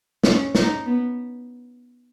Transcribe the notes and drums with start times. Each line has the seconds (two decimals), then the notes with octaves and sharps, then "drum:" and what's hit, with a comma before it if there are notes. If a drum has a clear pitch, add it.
0.24 C#4, drum: snare
0.55 D#4, drum: snare
0.86 B3